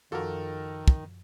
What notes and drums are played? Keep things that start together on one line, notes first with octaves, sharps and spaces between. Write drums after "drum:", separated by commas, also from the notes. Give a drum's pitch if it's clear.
F#2 D#3 F3 F4 F#4 A4 A#4
drum: kick